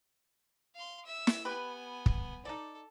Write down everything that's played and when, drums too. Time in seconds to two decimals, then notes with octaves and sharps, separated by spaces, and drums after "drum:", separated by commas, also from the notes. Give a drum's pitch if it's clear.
0.75 F5 C6
1.05 E5 E6
1.27 drum: snare
1.45 B3 G4 B4 G#5
2.06 drum: kick
2.45 D#4 A4 D5